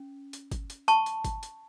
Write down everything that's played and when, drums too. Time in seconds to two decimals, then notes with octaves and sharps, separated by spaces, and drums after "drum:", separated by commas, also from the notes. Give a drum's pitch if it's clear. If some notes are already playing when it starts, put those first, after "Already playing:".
Already playing: C#4
0.33 drum: hi-hat
0.52 drum: kick, hi-hat
0.70 drum: hi-hat
0.88 A5 C#6, drum: hi-hat
1.06 drum: hi-hat
1.25 drum: kick, hi-hat
1.43 drum: hi-hat